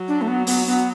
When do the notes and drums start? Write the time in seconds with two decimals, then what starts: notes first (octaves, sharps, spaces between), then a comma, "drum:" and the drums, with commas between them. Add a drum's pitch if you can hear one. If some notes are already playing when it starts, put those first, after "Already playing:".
Already playing: F#3
0.08 D4
0.22 A3
0.28 B3
0.47 B3, drum: open hi-hat
0.67 B3